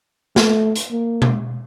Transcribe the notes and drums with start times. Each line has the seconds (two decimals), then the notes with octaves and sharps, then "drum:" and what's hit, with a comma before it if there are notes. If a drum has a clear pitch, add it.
0.36 A3, drum: snare
0.76 drum: hi-hat
0.91 A#3
1.22 drum: tom B2